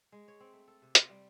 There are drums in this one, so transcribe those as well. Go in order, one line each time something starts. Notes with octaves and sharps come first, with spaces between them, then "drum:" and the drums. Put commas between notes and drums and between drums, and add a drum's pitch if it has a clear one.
G#3
C#5
C4
A3
A4
C3
C5, drum: hi-hat
G3